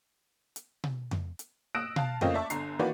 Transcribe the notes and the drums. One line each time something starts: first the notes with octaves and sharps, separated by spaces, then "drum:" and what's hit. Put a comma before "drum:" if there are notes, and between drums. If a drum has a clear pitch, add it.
drum: hi-hat
drum: tom B2
drum: tom F2
drum: hi-hat
D#6 E6 F#6 A#6 D7 E7
F5 A5, drum: tom B2
A3 A#3 C4 C#4 F4 D#5, drum: tom F2
D5 E5 A5 C#6
G1 D3 A#5 C7, drum: hi-hat
D#3 E3 A#3 F#4 B4 D5